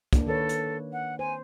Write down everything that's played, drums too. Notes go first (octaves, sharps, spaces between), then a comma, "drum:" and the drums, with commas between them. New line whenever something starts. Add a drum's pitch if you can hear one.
A#3 D4, drum: kick, hi-hat
D#3 A4 B4 C#5
drum: hi-hat
F#5
C5 G#5